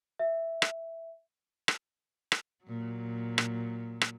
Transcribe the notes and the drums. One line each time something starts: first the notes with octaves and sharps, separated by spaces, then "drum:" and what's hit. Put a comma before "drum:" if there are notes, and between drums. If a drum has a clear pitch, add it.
E5
drum: rim click
drum: rim click
drum: rim click
A#2 F#3
drum: rim click
drum: rim click